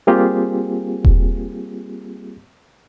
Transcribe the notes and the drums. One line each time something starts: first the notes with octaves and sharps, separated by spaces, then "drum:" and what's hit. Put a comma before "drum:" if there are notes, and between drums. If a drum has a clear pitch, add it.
G3 A#3 C4 F4 G4 G#4
drum: kick E1